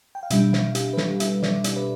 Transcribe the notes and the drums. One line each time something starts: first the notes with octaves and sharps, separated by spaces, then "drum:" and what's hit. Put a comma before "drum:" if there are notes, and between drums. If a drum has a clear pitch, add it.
G5
F5
B2 G3 D4 E5, drum: hi-hat
F5, drum: snare
G4, drum: hi-hat
B4
A4, drum: snare
E5, drum: hi-hat
D5, drum: snare
D5, drum: hi-hat
B4